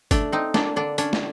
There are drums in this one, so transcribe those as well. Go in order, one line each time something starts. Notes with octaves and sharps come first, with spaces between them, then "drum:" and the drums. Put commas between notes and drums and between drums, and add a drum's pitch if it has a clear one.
A3 D4, drum: kick, hi-hat
C4 D#4
A#3 D4, drum: snare
D3 D4
C#4 D4, drum: hi-hat
drum: snare